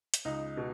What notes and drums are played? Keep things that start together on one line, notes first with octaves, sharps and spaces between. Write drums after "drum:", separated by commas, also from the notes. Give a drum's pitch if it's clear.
drum: hi-hat
C#2 D#4
B2